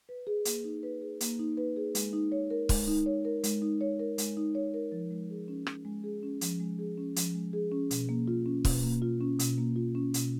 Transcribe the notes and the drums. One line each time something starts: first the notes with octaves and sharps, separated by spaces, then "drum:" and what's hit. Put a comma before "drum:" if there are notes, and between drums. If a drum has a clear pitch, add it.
B4
G#4
A#3, drum: hi-hat
D#4
B4
G#4
A#3, drum: hi-hat
D#4
B4
G#4
G#3, drum: hi-hat
D#4
C#5
A#4
G#3, drum: kick, open hi-hat
D#4
C#5
A#4
G#3, drum: hi-hat
D#4
C#5
A#4
G#3, drum: hi-hat
D#4
C#5
A#4
F3
G#3
G#4
C#4
F3, drum: rim click
G#3
G#4
C#4
F3, drum: hi-hat
G#3
G#4
C#4
F3, drum: hi-hat
G#3
G#4
C#4
B2, drum: hi-hat
A#3
F4
C#4
B2, drum: kick, open hi-hat
A#3
F4
C#4
B2, drum: hi-hat
A#3
F4
C#4
B2, drum: hi-hat